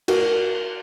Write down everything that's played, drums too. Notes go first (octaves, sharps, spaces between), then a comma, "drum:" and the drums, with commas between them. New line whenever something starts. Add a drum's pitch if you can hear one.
F#4 A#4, drum: cymbal